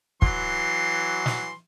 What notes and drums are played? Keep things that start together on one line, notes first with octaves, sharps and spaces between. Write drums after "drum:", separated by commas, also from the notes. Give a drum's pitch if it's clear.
E3 F#3 C6, drum: kick
drum: snare